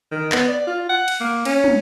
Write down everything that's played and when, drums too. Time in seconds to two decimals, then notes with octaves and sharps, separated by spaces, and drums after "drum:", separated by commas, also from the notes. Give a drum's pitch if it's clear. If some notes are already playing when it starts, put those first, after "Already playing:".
0.11 D#3
0.32 B3, drum: clap
0.48 D5
0.67 F4
0.89 F#5
1.08 drum: cymbal
1.20 A#3
1.45 C#4, drum: cymbal
1.64 drum: tom